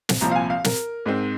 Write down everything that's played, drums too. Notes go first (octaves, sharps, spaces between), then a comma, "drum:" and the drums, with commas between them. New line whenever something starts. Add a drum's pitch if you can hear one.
drum: snare
C2 A#2 F3 C4 A#5
F5
G#5
F5
A#4, drum: snare
G#2 G#3 C4